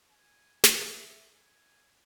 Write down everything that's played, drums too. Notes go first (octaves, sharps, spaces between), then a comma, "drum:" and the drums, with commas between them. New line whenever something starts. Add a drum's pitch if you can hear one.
G#5
drum: snare
E5
G#5